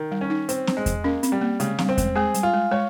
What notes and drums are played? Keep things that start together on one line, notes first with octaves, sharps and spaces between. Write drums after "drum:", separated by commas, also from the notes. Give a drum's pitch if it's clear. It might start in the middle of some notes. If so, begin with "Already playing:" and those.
Already playing: D#3
G3
C#4
D#4
C4, drum: hi-hat
drum: snare
G#3
drum: kick E2, hi-hat
A#3 C#4
C4, drum: hi-hat
G3
A#3
C#3 G#3, drum: hi-hat
G3, drum: snare
C4
G#3, drum: kick E2, hi-hat
G#3 G#4
G3, drum: hi-hat
F4
G#3
G#3 C#5